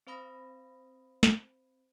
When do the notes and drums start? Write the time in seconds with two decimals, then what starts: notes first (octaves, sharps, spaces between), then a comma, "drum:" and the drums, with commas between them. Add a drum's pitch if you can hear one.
0.07 C4 C5 F5 B5 D#6 A#6
1.23 drum: snare